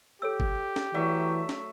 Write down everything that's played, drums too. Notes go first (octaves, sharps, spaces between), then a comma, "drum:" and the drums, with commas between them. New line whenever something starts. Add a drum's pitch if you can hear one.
G4 A4 C#5 E6
drum: kick
drum: snare
E3 F#3 A3 D5 E5
drum: snare